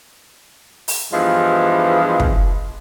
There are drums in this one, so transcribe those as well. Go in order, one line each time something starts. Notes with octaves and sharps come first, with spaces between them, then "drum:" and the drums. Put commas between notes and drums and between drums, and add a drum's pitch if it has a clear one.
drum: open hi-hat
E2 G2 E3 F3 G#3
drum: kick